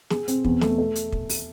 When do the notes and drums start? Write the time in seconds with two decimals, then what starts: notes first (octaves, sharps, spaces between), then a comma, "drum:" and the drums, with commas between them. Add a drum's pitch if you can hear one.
0.10 G#4, drum: snare
0.28 C4, drum: hi-hat
0.45 E2, drum: kick
0.61 A3, drum: snare
0.78 A3
0.95 drum: hi-hat
1.12 drum: kick
1.29 drum: open hi-hat